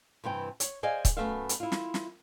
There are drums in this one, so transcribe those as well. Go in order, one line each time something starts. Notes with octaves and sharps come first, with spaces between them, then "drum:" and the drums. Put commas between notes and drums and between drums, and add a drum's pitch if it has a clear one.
G2 C3 E3 G5
C#5, drum: hi-hat
G#4 C5 D5 D#5 F5 G#5
drum: kick, hi-hat
F#2 G#3 A3 B3 E5 F5
drum: hi-hat
E4 F4
drum: snare
drum: snare